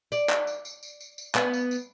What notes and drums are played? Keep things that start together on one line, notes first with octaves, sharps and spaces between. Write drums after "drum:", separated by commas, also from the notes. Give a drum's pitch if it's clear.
D5, drum: tambourine
drum: clap
drum: tambourine
drum: tambourine
drum: tambourine
drum: tambourine
drum: tambourine
B3, drum: clap
drum: tambourine
drum: tambourine